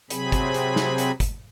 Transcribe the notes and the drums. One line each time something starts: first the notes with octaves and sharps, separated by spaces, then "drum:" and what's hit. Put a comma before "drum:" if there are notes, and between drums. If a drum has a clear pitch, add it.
C3 F#3 C4 G#4 B5, drum: hi-hat
drum: kick, hi-hat
drum: hi-hat
drum: snare
drum: hi-hat
drum: kick, hi-hat